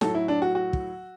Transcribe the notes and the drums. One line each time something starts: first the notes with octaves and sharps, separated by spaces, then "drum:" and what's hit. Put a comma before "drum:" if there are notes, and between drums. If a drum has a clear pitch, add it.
A2 F#3 A4, drum: snare
E4
D4
F#4
F#4
drum: kick